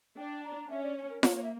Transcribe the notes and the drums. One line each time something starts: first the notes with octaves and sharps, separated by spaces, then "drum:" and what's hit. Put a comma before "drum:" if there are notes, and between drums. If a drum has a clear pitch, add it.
D4 G5
A#5
C#4 E5
D5
C#5
A#4
A#3 C#5, drum: snare F4
C#5
E5